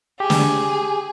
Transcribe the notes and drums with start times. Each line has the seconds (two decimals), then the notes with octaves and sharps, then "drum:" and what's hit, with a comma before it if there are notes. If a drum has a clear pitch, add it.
0.20 G4 G#4
0.30 drum: snare